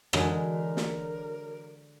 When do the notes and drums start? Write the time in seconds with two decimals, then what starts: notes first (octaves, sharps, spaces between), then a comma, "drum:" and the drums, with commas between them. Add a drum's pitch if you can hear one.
0.13 D3 E3 G#3 F#4 G#4 A#4 C#5, drum: rim click
0.77 drum: snare